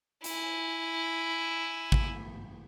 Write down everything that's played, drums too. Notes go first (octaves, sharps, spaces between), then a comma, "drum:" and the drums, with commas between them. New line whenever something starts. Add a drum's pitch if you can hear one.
E4 G#5, drum: hi-hat
drum: kick